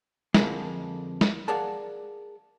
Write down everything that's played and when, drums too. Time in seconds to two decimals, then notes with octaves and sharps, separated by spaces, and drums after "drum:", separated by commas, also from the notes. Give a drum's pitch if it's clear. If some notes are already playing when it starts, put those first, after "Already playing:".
0.34 F2 D3 E3 F3 G#3 A#3, drum: snare
1.21 drum: snare
1.48 G#4 A#4 D5 F5 F#5 A5